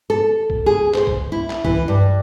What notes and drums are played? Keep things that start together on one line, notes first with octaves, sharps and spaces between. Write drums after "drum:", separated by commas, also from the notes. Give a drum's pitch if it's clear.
A4
drum: kick
G#4
C5, drum: clap
drum: kick
E4
drum: clap
E3, drum: kick
G2